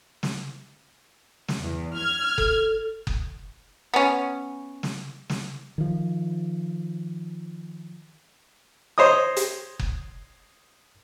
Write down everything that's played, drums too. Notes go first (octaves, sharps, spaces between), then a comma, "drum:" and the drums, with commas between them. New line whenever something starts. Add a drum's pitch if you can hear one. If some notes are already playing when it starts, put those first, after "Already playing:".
drum: snare
drum: snare
E2
F6 G#6
A4, drum: kick F#1
drum: kick F#1
B3 C#4
drum: snare
drum: snare
D#3 F3
C5 C#5 D#5 D#6
drum: hi-hat
drum: kick F#1